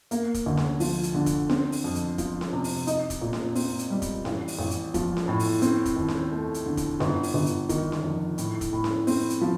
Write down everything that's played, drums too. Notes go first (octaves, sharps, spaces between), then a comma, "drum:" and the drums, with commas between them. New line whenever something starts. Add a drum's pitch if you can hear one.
A#3, drum: hi-hat
drum: kick, hi-hat
D2
drum: snare C#4
F3, drum: open hi-hat
drum: hi-hat
D3
drum: kick, hi-hat
C4, drum: snare C#4
drum: open hi-hat
F2
drum: hi-hat
F3, drum: kick, hi-hat
drum: snare C#4
C3
drum: open hi-hat
D#4, drum: hi-hat
drum: kick, hi-hat
A#2
drum: snare C#4
C4, drum: open hi-hat
drum: hi-hat
G3
drum: kick, hi-hat
A1, drum: snare C#4
drum: open hi-hat
A1
drum: hi-hat
F3, drum: kick, hi-hat
drum: snare C#4
A2
drum: open hi-hat
C4, drum: hi-hat
drum: kick, hi-hat
D#2
drum: snare C#4
A3
drum: hi-hat
D3
drum: kick, hi-hat
G1, drum: snare C#4
drum: open hi-hat
G1
drum: hi-hat
D#3, drum: kick, hi-hat
drum: snare C#4
F2
A2, drum: hi-hat
drum: kick, hi-hat
A2
drum: snare C#4
C4, drum: open hi-hat
drum: hi-hat
F3